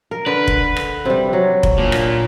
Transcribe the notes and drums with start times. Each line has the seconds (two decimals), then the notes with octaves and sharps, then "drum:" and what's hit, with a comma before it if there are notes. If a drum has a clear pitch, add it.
0.11 A#4
0.26 D3 B4
0.48 drum: kick F1
0.76 drum: rim click
1.05 C3 G3
1.33 F#3
1.63 drum: kick F1
1.78 A#2 D4
1.92 drum: rim click